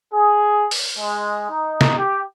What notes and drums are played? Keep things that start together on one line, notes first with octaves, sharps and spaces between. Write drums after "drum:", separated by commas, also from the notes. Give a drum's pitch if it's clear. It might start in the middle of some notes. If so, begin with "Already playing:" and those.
G#4
drum: open hi-hat
G#3
D#4
drum: snare
G4